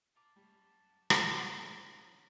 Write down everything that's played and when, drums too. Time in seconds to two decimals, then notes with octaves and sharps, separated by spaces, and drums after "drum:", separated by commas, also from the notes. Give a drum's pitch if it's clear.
0.16 F4 A5 A#5 D6
0.36 F#2 G3
1.10 drum: rim click
1.48 D#3 B3 C#4 G#4
1.66 A#5